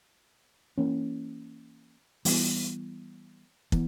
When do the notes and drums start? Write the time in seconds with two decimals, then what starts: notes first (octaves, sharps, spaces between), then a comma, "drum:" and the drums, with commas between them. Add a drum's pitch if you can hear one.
0.78 E3 A#3 C#4
2.25 E3 G3 B3, drum: open hi-hat
3.72 E3 B3, drum: kick